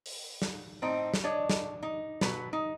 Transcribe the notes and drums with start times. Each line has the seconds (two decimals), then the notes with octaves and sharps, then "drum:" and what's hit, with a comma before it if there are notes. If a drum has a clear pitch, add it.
0.06 drum: open hi-hat
0.42 drum: snare
0.82 A2 C4 D#4
1.14 drum: snare
1.24 D4 C#5 D#5
1.50 drum: snare
1.83 D#4
2.21 B2 F#3 B4, drum: snare
2.53 D#4